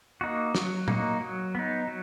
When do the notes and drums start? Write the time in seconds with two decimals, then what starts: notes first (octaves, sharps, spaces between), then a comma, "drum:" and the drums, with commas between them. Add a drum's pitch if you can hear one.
0.21 A#3 D#4 F#4
0.55 F#3, drum: snare
0.88 A#3 D#4 F#4, drum: tom A#2
1.20 F#3
1.55 B3 D#4
1.88 F#3